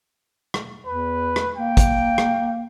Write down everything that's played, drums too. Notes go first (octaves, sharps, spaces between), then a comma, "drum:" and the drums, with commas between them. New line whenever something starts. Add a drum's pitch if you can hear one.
drum: rim click
E2 B4
drum: rim click
A#3 G5
drum: kick, hi-hat
drum: rim click